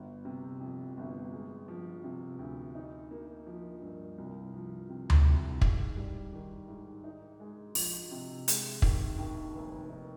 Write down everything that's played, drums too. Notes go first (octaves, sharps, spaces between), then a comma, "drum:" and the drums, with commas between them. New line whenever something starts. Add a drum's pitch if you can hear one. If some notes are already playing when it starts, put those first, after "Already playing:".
Already playing: G1
C3
F2
G1
G#3
F3
C3
D2
D#4
A#3
F3
G2
C2
F3
C3
drum: tom D2
C2
G#2, drum: kick
G3
D#3
G#2
D#4
G#3
F3, drum: open hi-hat
C3
G#3, drum: hi-hat
D#3, drum: kick
D#2
F1
D#4